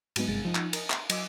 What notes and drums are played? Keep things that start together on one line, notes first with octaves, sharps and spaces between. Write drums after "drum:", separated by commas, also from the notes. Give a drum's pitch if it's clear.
G#2 F#3 G#3 B3 D#4, drum: cymbal
G#1 G2 C3 G#3 A6
F3 D#4
drum: clap
A#4 D#5, drum: cymbal
E5 A#5 C6, drum: clap
F#3 D#5 G#5 C6 D6 E6, drum: cymbal